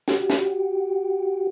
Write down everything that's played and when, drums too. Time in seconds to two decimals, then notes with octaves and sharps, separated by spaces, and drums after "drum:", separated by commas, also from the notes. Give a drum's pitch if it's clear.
0.08 F#4 G4, drum: snare
0.30 drum: snare